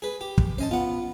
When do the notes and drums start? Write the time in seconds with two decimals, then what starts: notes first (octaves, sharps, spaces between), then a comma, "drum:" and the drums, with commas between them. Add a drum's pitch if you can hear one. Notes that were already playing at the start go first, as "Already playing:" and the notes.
0.02 G#4 B4
0.21 G4
0.38 drum: kick
0.58 C#4 C5 D#5 A5
0.71 B3 F4 F#5